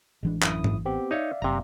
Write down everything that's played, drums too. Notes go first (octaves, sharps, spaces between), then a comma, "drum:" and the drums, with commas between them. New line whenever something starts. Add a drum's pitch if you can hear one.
A1 E3 G#3 D4
F#2 E4 D#6, drum: clap
drum: tom G#2
B3 C4 G4
D#4 C#5 D5 E5 F5
F#1 C3 A#5